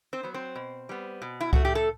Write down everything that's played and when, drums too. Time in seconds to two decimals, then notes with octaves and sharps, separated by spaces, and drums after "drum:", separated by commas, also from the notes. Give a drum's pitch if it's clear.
0.13 C4 C5
0.23 F#3 B3
0.34 C4 C5
0.55 B2
0.89 G3 B3
1.22 B2
1.41 E4
1.53 A3 F#4, drum: kick C2
1.65 G4
1.75 A4